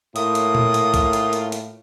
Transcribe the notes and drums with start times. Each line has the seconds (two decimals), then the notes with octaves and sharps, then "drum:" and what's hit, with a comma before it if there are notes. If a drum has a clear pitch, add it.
0.16 A2 A#3 F4 D#6, drum: hi-hat
0.35 drum: hi-hat
0.55 drum: tom A#2
0.74 drum: hi-hat
0.94 drum: kick A#1, hi-hat
1.13 drum: hi-hat
1.33 drum: hi-hat
1.52 drum: hi-hat